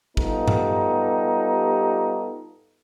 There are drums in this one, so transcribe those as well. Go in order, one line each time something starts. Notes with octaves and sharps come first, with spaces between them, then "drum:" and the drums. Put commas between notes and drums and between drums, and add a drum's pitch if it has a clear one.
G3 B3 D#4 F4 G4 A4, drum: kick
drum: tom G2